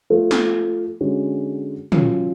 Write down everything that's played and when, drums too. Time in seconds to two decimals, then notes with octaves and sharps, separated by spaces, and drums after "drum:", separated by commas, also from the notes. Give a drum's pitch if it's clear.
0.10 F3 A3 F4
0.31 drum: snare
1.01 D3 G#3 C#4 F#4
1.92 F#3 C#4 F4, drum: tom